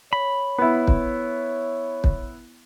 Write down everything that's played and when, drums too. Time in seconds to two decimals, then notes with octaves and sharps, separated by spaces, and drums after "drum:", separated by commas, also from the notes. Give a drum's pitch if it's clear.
0.13 C#5 B5
0.58 B3 E4
0.87 drum: kick
2.04 drum: kick